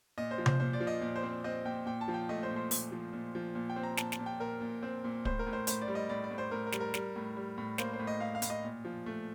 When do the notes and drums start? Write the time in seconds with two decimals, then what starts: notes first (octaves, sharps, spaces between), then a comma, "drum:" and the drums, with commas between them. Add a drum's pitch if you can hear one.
0.18 A#2 D#5
0.31 C5
0.38 F3
0.46 C5, drum: tom C3
0.60 A#2 C5
0.73 D5
0.80 F3
0.87 D#5
1.01 A#2 D5
1.16 C5
1.23 C4
1.44 C4 D#5
1.65 A#2 G5
1.86 A#2 G5
2.01 A5
2.08 F3
2.14 G5
2.29 A3 D#5
2.43 C5
2.50 A#2
2.56 C5
2.71 A#2, drum: open hi-hat
2.92 F3
3.13 A#2
3.35 F3
3.55 A#2
3.70 G5
3.76 C4
3.83 A#5
3.97 A#2 A5, drum: snare
4.12 A5, drum: snare
4.19 A#2
4.26 G5
4.40 A#2 A#4
4.61 A#2
4.83 C4
5.04 A#2
5.25 A2 C5, drum: kick
5.39 A#4
5.47 A2
5.53 C5
5.67 A2 C5, drum: hi-hat
5.81 D5
5.88 G3
5.95 D#5
6.09 A2 D5
6.24 D5
6.31 A2
6.38 C5
6.51 A2 A#4
6.66 A#4
6.72 G3, drum: snare
6.80 A#4
6.94 G3, drum: snare
7.16 A2
7.37 G3
7.58 A2
7.78 A#3 C5, drum: snare
7.93 C5
7.99 A2
8.07 D#5
8.20 A2 F5
8.35 F5
8.42 A2, drum: hi-hat
8.50 D#5
8.64 A#2
8.85 F3
9.06 A3